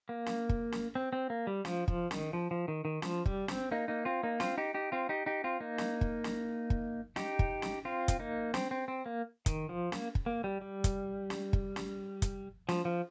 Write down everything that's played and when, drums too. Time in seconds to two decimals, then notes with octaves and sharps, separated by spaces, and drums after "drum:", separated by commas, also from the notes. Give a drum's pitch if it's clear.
0.09 A#3
0.26 drum: snare
0.49 drum: kick
0.72 drum: snare
0.95 C4
1.13 C4
1.30 A#3
1.47 G3
1.65 F3, drum: snare
1.88 F3, drum: kick
2.11 D#3, drum: snare
2.33 F3
2.51 F3
2.68 D#3
2.85 D#3
3.02 F3, drum: snare
3.26 G3, drum: kick
3.48 C4, drum: snare
3.72 A#3 D#4
3.88 A#3 D#4
4.05 C4 F4
4.23 A#3 D#4
4.40 C4 F4, drum: snare
4.58 D#4 G4
4.74 D#4 G4
4.92 C4 F4
5.09 D#4 G4
5.26 D#4 G4
5.44 C4 F4
5.60 A#3 D#4
5.78 drum: snare
6.01 drum: kick
6.24 drum: snare
6.70 drum: kick
7.16 D#4 G4, drum: snare
7.39 drum: kick
7.62 drum: snare
7.85 C4 F4
8.08 drum: kick, hi-hat
8.20 A#3 D#4
8.54 C4, drum: snare
8.71 C4
8.88 C4
9.06 A#3
9.46 D#3, drum: kick, hi-hat
9.69 F3
9.92 A#3, drum: snare
10.15 drum: kick
10.26 A#3
10.44 G3
10.61 G3
10.84 drum: kick, hi-hat
11.30 drum: snare
11.53 drum: kick
11.76 drum: snare
12.22 drum: kick, hi-hat
12.69 F3, drum: snare
12.85 F3